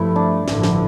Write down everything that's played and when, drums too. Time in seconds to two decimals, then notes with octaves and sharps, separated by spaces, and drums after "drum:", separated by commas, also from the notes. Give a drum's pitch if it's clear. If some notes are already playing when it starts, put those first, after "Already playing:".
Already playing: G2 F3 A3 E4
0.16 D4
0.48 A1 G2 D3 F3, drum: snare
0.63 drum: snare